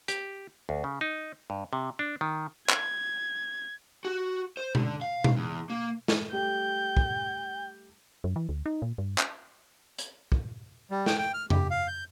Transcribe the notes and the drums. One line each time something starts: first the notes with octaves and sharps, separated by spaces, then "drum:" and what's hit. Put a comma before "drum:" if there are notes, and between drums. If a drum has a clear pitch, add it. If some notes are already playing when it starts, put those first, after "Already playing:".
G4, drum: hi-hat
D2
C#3
D#4
G2
C3
D4
D#3
G#6, drum: clap
F#4
C5
D3, drum: tom B2
F5
drum: tom B2
E2
A#3
drum: snare
G3 A3 G4 G5 G6
drum: kick
F#2
E3
D2
D#4
A#2
G2
drum: clap
drum: hi-hat
drum: kick
G3
G5, drum: snare
G5
F6
G4, drum: tom F2
F5
G6